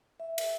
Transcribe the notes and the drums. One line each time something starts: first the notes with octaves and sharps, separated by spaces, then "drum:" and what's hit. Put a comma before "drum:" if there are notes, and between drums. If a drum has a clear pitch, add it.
E5
drum: cymbal